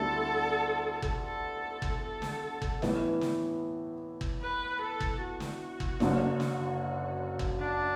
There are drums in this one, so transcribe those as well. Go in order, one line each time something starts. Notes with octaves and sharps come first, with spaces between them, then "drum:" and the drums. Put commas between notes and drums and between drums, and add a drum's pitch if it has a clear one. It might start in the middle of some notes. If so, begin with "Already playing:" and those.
Already playing: D2 D3 G3 B3 E4 A4
drum: kick
A4
drum: kick
A4
drum: snare
drum: kick
A2 E3 B3 E4, drum: snare
drum: snare
drum: kick
B4
A4
drum: kick
F#4
drum: snare
drum: kick
F#1 F#2 D3 F#3, drum: snare
drum: snare
drum: kick
D4